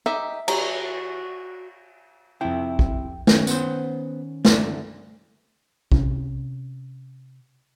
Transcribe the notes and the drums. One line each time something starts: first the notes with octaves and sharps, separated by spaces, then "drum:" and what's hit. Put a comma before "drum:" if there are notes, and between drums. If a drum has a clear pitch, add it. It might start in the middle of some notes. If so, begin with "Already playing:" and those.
D#4 G4 D#5 E5
E3 F#4 C#5 A#5, drum: cymbal
F2 C3 E4 G5
drum: kick
D#3 C#4, drum: snare
B3 C5, drum: tambourine
C2 D3 D5, drum: snare
C3 C#4, drum: kick